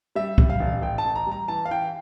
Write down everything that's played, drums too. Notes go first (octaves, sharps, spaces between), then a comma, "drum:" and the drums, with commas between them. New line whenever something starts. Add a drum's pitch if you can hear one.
G3 E5
G3, drum: kick C2
F5
A1
A1 G5
A5
A1
A#5
G3 A#5
E3 A5
F5
E3 G5